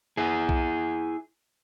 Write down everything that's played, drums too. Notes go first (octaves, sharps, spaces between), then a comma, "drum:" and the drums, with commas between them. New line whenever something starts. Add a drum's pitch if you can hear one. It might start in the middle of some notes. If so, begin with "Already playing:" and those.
E4 G#4
drum: kick B1